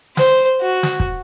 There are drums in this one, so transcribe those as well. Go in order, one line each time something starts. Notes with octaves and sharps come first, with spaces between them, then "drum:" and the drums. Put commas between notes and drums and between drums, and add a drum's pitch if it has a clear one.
C5, drum: snare
F#4
drum: snare
drum: kick